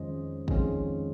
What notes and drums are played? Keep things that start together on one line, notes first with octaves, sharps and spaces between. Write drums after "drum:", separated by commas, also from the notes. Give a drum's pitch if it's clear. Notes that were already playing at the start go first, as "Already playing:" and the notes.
Already playing: F2 D#3 G#3 C#4 F4 C5 D#5
F2 D#3 G#3 C#4 F4, drum: kick